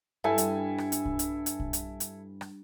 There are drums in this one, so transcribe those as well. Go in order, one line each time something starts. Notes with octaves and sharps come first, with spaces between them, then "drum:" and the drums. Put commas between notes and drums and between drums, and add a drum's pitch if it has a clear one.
G2 E4 A4 G#5
drum: hi-hat
drum: rim click
drum: hi-hat
drum: kick
drum: hi-hat
drum: hi-hat
drum: kick
drum: hi-hat
drum: hi-hat
drum: rim click